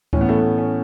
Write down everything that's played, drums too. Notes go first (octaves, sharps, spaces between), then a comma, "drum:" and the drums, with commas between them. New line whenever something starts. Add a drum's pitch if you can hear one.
A2 E3 C#4, drum: kick D2
B3
A3
B3
C#4